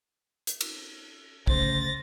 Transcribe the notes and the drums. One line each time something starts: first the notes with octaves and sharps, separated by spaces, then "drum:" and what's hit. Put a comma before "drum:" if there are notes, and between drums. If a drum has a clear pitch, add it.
drum: hi-hat
drum: cymbal
D2 C#3 C5 A6 A#6, drum: kick